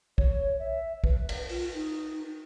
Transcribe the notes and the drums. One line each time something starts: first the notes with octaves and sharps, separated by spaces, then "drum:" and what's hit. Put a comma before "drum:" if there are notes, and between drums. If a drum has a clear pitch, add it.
C#5, drum: kick
E5
B4, drum: kick
drum: cymbal
F4, drum: open hi-hat
D#4